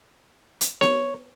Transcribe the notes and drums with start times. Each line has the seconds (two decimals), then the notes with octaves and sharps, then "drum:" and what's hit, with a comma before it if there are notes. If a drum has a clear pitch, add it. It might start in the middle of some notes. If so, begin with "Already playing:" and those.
0.61 drum: hi-hat
0.81 C#5, drum: snare B3